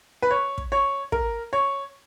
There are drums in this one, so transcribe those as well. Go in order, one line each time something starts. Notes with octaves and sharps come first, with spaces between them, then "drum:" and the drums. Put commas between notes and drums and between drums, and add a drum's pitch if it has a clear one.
B4
C#5
drum: kick
C#5
A#4, drum: kick
C#5